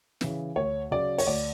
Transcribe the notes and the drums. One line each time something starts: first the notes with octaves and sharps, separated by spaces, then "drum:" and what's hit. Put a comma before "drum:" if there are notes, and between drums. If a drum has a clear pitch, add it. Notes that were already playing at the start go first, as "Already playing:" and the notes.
C#3 E3, drum: snare
D2 C#5
C#3 F#3 D5
C#5, drum: open hi-hat
D2 D5